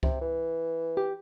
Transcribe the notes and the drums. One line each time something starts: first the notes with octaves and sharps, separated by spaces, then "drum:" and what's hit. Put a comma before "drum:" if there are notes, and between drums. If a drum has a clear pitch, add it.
C3, drum: kick C#2
E3
G4